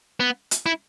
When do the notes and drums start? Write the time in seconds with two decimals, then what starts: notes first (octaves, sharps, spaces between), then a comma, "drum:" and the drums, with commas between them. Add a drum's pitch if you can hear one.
0.20 B3
0.51 drum: hi-hat
0.66 E4